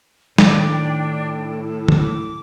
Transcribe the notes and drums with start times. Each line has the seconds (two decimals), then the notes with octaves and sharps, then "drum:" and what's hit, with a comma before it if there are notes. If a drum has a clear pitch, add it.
0.38 A2 D#3 D4 G5, drum: snare
1.88 D6, drum: tom